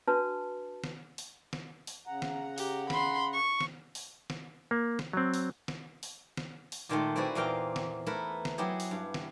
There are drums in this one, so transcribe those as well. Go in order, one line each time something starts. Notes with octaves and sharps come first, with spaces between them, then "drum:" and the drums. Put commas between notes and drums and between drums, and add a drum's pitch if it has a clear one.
D4 F#4 B4 A5
drum: snare
drum: open hi-hat
drum: snare
drum: open hi-hat
C#3 F#5 A#5
drum: snare
G4, drum: open hi-hat
B5 C6, drum: snare
C#6
drum: snare
drum: open hi-hat
drum: snare
A#3
drum: snare
F#3 C4
drum: open hi-hat
drum: snare
drum: open hi-hat
drum: snare
drum: open hi-hat
A#2 D#3 G#3 A3
C4 E4 F#4 B4 D5 G#5
E2 A#2 E3 A#4 F5 G5
drum: snare
A3 E4 A#4 B4
drum: snare
F#3 B3 E4 G4 G#4
drum: open hi-hat
G2
drum: snare